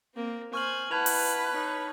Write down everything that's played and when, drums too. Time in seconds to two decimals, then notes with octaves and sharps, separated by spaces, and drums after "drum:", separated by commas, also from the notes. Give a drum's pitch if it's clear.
0.15 A#3 C4
0.54 C5 G#5 C#6 F6 F#7
0.91 E4 B4 F#5 A5 G#6 F7
1.06 drum: open hi-hat
1.50 D#4 C#5